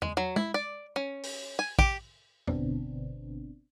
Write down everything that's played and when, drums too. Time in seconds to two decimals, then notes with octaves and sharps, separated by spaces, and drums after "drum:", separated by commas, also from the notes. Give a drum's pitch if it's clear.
0.02 G#3, drum: tom E2
0.17 F#3
0.36 E4, drum: tom
0.54 D5
0.96 C#4
1.23 drum: open hi-hat
1.59 G#5
1.79 G4, drum: kick
2.47 G1 B2 D3 B3 C4 D4, drum: tom E2